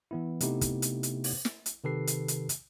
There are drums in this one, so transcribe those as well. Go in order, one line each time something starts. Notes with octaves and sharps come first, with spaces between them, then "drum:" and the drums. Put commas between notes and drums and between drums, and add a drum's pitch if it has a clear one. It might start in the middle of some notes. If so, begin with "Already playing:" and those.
E3 B3 E4
C3 A3 B3 D#4 E4 G4, drum: hi-hat
drum: kick, hi-hat
drum: hi-hat
drum: hi-hat
drum: open hi-hat
drum: snare
drum: hi-hat
C3 D#3 G4 A4 B4 C7
drum: hi-hat
drum: hi-hat
drum: hi-hat